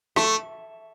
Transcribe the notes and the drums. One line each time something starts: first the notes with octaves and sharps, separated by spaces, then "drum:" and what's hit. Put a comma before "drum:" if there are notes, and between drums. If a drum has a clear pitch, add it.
A3, drum: rim click